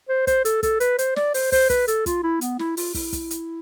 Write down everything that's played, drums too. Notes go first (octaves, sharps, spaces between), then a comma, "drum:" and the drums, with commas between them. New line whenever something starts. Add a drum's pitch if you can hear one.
C5
C5, drum: kick, hi-hat
A4, drum: hi-hat
A4, drum: kick, hi-hat
B4, drum: hi-hat
C5, drum: hi-hat
D5, drum: snare
C5, drum: open hi-hat
C5, drum: kick, open hi-hat
B4, drum: kick, hi-hat
A4, drum: hi-hat
F4, drum: kick, hi-hat
E4
B3, drum: hi-hat
E4, drum: snare
F4, drum: open hi-hat
E4, drum: kick, open hi-hat
drum: kick, hi-hat
drum: hi-hat